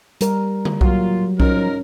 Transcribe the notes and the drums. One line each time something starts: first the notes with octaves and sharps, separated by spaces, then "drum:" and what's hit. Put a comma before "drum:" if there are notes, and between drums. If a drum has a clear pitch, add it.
G3 A#4, drum: hi-hat
drum: tom D3
A#2 F#3 A#3 F4, drum: kick B1
F3 C#4 D#4 A#4, drum: kick B1